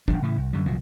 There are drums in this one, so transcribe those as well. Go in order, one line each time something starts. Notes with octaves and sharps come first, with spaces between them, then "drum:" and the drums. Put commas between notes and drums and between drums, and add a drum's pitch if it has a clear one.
F#1 F#2 F3 D4, drum: kick
A2 C#3 E3
C2
F#2 D3 G3
D#1 C2 F3 F#3